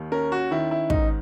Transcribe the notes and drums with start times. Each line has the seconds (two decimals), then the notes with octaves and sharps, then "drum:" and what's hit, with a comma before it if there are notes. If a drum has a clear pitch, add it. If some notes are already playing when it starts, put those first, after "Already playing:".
Already playing: D#2 D#3
0.12 C#4 A#4
0.32 F#4
0.51 D#3 E4
0.71 E4
0.90 G#2 D#4, drum: kick